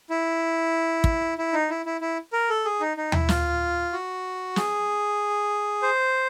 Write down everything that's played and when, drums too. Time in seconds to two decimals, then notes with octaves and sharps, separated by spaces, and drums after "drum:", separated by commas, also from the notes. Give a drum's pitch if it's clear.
0.10 E4
1.04 drum: kick
1.38 E4
1.53 D#4
1.70 E4
1.86 E4
2.01 E4
2.33 A#4
2.49 A4
2.65 G#4
2.80 D#4
2.97 D#4
3.12 E4, drum: tom D#2
3.29 F4, drum: snare
3.93 F#4
4.56 G#4, drum: snare
5.82 C5